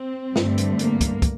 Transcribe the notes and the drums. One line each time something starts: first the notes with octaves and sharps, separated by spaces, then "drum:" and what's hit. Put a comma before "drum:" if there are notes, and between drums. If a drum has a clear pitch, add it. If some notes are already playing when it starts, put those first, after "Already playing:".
Already playing: C4
G2 D3 A3, drum: snare
drum: hi-hat
A#3, drum: hi-hat
drum: kick, hi-hat
drum: kick, hi-hat